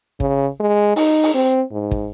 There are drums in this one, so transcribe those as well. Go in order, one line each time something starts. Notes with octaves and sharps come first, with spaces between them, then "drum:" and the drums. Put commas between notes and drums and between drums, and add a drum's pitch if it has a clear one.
C#3, drum: kick
G#3
D#4, drum: open hi-hat
drum: open hi-hat
C4
G#2
drum: kick